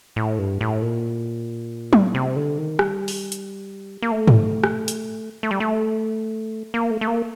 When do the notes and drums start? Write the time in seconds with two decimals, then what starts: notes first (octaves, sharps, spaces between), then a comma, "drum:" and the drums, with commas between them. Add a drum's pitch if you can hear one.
0.16 A2
0.39 G2
0.61 A2
0.82 A#2
1.93 G2, drum: tom
2.00 A2
2.07 A#2
2.15 C3
2.36 D3
2.58 D#3
2.79 G3, drum: rim click
3.08 drum: open hi-hat
3.32 drum: hi-hat
4.02 A#3
4.11 A3
4.28 drum: tom G#2
4.64 drum: rim click
4.88 drum: hi-hat
5.43 A3
5.51 G3
5.60 A3
6.74 A#3
6.91 A3
7.01 A3
7.07 A#3